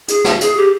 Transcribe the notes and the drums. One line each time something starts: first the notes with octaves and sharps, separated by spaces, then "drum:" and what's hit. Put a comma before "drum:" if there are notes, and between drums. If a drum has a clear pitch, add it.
G#4, drum: hi-hat
drum: snare
G#4, drum: hi-hat
G4